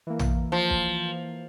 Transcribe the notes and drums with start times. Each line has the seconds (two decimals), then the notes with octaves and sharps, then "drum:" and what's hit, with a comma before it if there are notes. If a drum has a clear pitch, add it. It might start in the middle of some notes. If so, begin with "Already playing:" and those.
0.07 E3 A#3
0.19 drum: tom A#1
0.52 F3
0.70 drum: kick